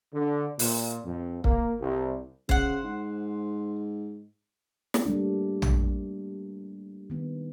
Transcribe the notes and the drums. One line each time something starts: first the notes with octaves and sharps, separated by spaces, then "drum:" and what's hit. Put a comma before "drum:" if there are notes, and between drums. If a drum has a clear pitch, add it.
D3
A#2, drum: open hi-hat
F2
A#3, drum: kick C#1
C2
C#3 C5 F#5, drum: kick C#1
G#2
drum: snare
G3 A3 A#3 D4
drum: tom A#1
D#3 B3